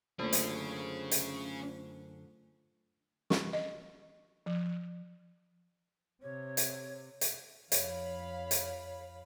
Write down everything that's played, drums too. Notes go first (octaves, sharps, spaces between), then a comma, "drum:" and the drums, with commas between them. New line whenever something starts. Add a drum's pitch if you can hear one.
F#2 D3 A3 A#3 C#4 F4 G#4 C5
drum: hi-hat
drum: hi-hat
C#6, drum: snare
D#5
F3
C3 C#5
drum: hi-hat
drum: hi-hat
F2 C#5 F5 B5, drum: hi-hat
drum: hi-hat